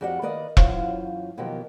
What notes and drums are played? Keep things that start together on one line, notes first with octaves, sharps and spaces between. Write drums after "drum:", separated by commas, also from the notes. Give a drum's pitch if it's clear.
F2 F#4 G4 D5 F#5
D#3 A#3 B4 D5 D#5
F#2 E3 F#3 F4 C5 F5, drum: kick E1
B2 D#3 F3 F#3 A#3 G4